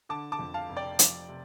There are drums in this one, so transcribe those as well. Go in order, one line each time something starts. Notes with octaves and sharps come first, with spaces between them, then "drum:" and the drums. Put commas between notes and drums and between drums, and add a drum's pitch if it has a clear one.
D3 A5 D6
A5 D6
F2
F5 A5
F1
D5 G5
F3, drum: hi-hat
C3